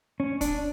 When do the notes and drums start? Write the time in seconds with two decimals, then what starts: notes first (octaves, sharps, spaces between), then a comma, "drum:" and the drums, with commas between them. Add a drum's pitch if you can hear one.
0.20 C#4
0.41 D4, drum: kick, hi-hat